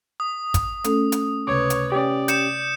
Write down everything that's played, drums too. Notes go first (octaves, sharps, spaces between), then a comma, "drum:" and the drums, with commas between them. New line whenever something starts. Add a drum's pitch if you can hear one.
D#6
drum: kick, hi-hat
A3 C#4 A4, drum: hi-hat
drum: hi-hat
C#2 C3 B4 C#5 D6
drum: hi-hat
C#4 G4 D5
G6 C#7 E7, drum: hi-hat